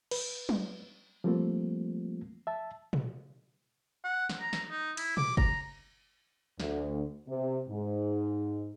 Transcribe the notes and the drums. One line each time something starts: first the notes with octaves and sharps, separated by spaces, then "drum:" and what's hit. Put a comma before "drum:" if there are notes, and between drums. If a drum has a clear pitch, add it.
B4, drum: cymbal
drum: tom F#3
F3 G3 A3 A#3 C4 F4
E5 A5
drum: tom A#2
F#5
drum: snare
A#5
drum: snare
D#4
E4, drum: cymbal
D6, drum: tom A#2
A#5, drum: kick F#1
D2, drum: snare
C3
G#2